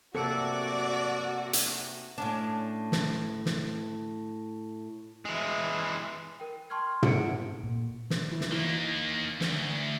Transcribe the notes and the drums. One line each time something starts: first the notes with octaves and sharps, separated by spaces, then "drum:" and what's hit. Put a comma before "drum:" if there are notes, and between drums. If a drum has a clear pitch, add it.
C3 A#3 F#4 A4 D5 C#7
drum: hi-hat
A2 C#4 D4
drum: snare
drum: snare
E3 G#3
A#4 G5
G5 A5 C6 C#6 F6 G#6
G#4 A4 C5 F#5 C#7 D7, drum: tom
A#2
drum: snare
E3
drum: snare
D#3 E3 A#3
D2, drum: snare